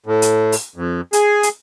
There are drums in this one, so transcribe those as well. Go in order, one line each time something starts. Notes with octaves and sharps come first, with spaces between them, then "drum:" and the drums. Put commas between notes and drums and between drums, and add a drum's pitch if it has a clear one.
A2
drum: hi-hat
drum: open hi-hat
F2
G#4, drum: hi-hat
drum: hi-hat